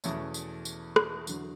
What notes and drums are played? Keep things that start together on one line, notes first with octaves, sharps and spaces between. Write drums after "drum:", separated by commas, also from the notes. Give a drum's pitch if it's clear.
E2 B2 A3 C#4, drum: tambourine
drum: tambourine
drum: tambourine
drum: rim click
E2 D3 F#3, drum: tambourine